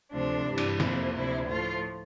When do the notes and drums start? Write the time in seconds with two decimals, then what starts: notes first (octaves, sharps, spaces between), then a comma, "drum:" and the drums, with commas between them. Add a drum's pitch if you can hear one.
0.12 D2 C3 F3 A3 D4
0.46 G2 E3 G3
0.58 drum: cymbal
0.80 F2 C3 F3 A#3 E4, drum: snare
1.13 D2 C3 F3 E4
1.47 A2 F3 A3 F4